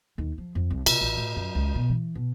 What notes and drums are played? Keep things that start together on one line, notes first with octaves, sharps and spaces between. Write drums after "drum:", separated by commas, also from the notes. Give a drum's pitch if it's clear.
D#2
F3
F2
C2
C3, drum: cymbal
A1
A2
F#2
C#2
B2
E3
B2